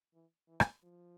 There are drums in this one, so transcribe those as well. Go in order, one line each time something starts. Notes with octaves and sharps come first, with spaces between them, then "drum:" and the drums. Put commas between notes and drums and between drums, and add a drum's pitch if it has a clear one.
E3
E3
drum: rim click
F3